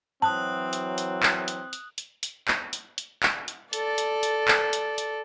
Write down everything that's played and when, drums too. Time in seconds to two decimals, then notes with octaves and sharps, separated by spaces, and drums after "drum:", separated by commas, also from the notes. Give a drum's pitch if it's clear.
0.22 E3 F#3 C4 A5 D#6 F#6 F#7
0.73 drum: hi-hat
0.98 drum: hi-hat
1.23 drum: clap
1.48 drum: hi-hat
1.73 drum: hi-hat
1.98 drum: hi-hat
2.23 drum: hi-hat
2.48 drum: clap
2.73 drum: hi-hat
2.98 drum: hi-hat
3.23 drum: clap
3.48 drum: hi-hat
3.73 A4 D5, drum: hi-hat
3.98 drum: hi-hat
4.23 drum: hi-hat
4.48 drum: clap
4.73 drum: hi-hat
4.98 drum: hi-hat